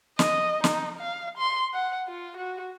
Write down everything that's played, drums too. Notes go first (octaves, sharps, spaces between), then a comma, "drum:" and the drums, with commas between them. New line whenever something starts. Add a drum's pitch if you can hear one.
D#5, drum: snare
D#4, drum: snare
F5
C6
F#5
F4
F#4